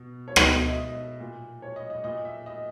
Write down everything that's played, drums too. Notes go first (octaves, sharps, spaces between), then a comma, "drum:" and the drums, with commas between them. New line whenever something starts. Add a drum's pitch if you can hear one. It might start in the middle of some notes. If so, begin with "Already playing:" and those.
Already playing: B2
C#5
B2 D#5, drum: rim click
D#5
E5
D#5
A#2
C#5
D#5
D#5
A#2 D#5
E5
D#5